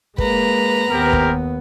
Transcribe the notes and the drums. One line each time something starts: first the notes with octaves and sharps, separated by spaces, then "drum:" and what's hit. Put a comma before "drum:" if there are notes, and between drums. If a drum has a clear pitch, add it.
G#3 A#3 B4 A#5, drum: kick
D#2 B3 C4 G4 A#4
drum: kick